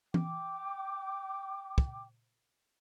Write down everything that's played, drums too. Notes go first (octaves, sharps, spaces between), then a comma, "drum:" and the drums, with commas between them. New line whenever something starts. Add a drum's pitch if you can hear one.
G5 D6, drum: tom E3
drum: kick